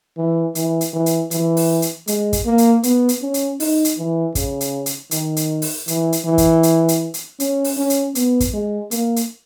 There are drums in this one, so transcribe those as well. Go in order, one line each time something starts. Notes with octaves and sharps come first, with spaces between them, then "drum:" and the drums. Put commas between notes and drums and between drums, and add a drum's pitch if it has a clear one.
E3
E3, drum: hi-hat
drum: hi-hat
E3
drum: hi-hat
E3, drum: hi-hat
drum: open hi-hat
drum: hi-hat
G#3, drum: hi-hat
drum: kick, hi-hat
A#3
drum: hi-hat
B3, drum: hi-hat
drum: hi-hat
C#4
drum: hi-hat
D#4, drum: open hi-hat
drum: hi-hat
E3
C#3, drum: kick, hi-hat
drum: hi-hat
drum: hi-hat
D#3, drum: hi-hat
drum: hi-hat
drum: open hi-hat
E3, drum: hi-hat
drum: hi-hat
E3
drum: kick, hi-hat
drum: hi-hat
drum: hi-hat
drum: hi-hat
C#4, drum: hi-hat
drum: open hi-hat
C#4
drum: hi-hat
B3, drum: hi-hat
drum: kick, hi-hat
G#3
A#3, drum: hi-hat
drum: hi-hat